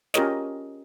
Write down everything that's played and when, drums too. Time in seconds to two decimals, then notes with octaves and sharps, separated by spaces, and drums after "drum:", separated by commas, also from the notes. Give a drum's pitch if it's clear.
0.14 C#4 F4 G4 A#4 C#5 D#5, drum: snare